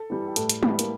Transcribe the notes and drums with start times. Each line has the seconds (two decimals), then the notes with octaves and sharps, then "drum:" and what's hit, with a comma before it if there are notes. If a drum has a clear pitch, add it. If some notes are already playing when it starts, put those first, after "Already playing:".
Already playing: A4
0.10 E3 G3
0.27 G4
0.36 A2 A4, drum: hi-hat
0.49 drum: hi-hat
0.63 E3 G3, drum: tom G#3
0.79 A#3, drum: hi-hat